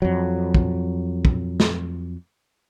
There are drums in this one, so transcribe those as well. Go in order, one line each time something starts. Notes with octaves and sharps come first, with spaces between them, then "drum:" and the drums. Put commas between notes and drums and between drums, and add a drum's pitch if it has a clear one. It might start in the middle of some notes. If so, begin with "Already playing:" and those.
F2 F#3
drum: kick
drum: kick
drum: snare